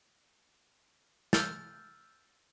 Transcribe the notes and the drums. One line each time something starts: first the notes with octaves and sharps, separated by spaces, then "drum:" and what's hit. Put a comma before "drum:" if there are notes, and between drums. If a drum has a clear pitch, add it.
E6 F6 G6 A6, drum: snare